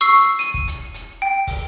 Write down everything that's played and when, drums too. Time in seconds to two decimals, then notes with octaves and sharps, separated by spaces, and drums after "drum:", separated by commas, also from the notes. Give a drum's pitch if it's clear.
0.01 C#6 E6 C7
0.14 drum: hi-hat
0.39 D#7, drum: hi-hat
0.54 drum: kick
0.67 drum: hi-hat
0.94 drum: hi-hat
1.22 G5
1.47 drum: kick, open hi-hat